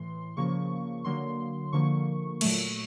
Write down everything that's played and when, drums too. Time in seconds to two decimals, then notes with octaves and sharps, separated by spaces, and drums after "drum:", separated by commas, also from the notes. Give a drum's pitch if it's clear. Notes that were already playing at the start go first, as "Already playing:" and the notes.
Already playing: A2 E3 C6
0.37 C#3 F3 A#3 C#6
1.04 D3 F#3 A#3 C6
1.73 D3 F3 A#3 C#6
2.41 A#2 F#3 A3, drum: cymbal